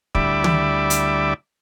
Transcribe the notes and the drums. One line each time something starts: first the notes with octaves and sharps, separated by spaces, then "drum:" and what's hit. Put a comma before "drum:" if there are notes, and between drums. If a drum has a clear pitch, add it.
D2 G3 E4 D5 E5 D6, drum: kick
drum: tom
drum: hi-hat